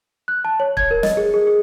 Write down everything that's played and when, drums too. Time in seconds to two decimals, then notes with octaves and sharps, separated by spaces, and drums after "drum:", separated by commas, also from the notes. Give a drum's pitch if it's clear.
0.28 F#6
0.45 A5
0.60 C#5
0.77 G#6, drum: kick
0.91 A#4
1.03 D#5, drum: snare
1.17 G#4
1.34 G#4
1.47 G#4